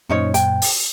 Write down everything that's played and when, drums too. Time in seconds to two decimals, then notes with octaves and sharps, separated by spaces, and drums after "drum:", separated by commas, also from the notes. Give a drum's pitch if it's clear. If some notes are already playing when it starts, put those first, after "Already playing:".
0.09 F#2 A#2 C#4 D#4 C5 C#5
0.34 G5, drum: hi-hat
0.62 drum: open hi-hat